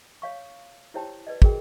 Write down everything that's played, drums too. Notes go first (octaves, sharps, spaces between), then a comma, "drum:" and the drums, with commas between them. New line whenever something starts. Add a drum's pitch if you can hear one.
C#5 F5 C#6
E4 G4 C5 C#5 G5 A5
B4 D5 D#5
F#4 G#4 A#4 G5, drum: kick